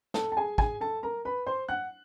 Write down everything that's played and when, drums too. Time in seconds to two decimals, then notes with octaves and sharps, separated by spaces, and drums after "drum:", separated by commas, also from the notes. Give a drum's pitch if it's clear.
0.14 A4 A5, drum: snare
0.32 A5
0.37 G#4 G#5
0.58 G#4 G#5, drum: kick
0.81 A4 A5
1.03 A#4 A#5
1.25 B4 B5
1.46 C5 C6
1.68 F#5 F#6